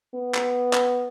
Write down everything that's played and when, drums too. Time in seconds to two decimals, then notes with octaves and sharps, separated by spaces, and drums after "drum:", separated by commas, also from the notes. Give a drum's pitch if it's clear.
0.15 B3
0.34 drum: clap
0.73 drum: clap